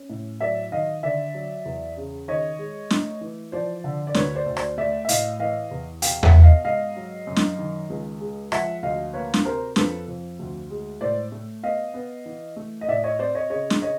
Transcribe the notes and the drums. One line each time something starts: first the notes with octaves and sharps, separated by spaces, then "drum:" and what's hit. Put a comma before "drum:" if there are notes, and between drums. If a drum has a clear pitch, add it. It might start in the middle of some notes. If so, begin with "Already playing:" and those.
Already playing: C#4
A2
F#3 D5 E5
D#3 D#5 F5
D3 D5 E5
F#3
E2
C#3
D#3 C#5 D#5
G#3
A3, drum: snare
E3
F3 C5 D5
D3
D5
D2 B4 C#5, drum: snare
C5 D5
D2
C5 D5, drum: rim click
A3 D5 E5
E5
A2 D#5 F5, drum: hi-hat
E3 D#5 F5
E2
B2 F5 G5, drum: hi-hat
E5 F#5, drum: tom E2
B3
D#5 F5
G#2 D#5 F5
F#3
F#2
drum: snare
D#3
C#2
G#3
F3 E5 F#5, drum: rim click
D2 D#5 F5
A#3 B4 C#5
drum: snare
C3 A#4 C5
F2 A4 B4, drum: snare
F2
D2
G#3
A2 C5 D5
A3
B3 D#5 F5
B3
E3
A3
D#5
A2 D5 E5
C#5 D#5
C4 C5 D5
C#5 D#5
C#3 C#5 D#5
drum: snare
C#5 D#5